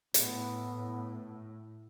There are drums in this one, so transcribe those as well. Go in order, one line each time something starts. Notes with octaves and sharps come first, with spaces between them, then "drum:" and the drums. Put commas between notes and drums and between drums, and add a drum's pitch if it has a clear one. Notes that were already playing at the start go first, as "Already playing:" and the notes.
A2 B3, drum: hi-hat